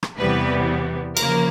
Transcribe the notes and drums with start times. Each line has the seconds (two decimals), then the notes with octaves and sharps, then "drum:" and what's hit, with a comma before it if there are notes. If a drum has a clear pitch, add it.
0.03 drum: rim click
0.18 E2 C3 E3 G3 B3 B4
1.17 C#3 F3 A#3 A#4, drum: cymbal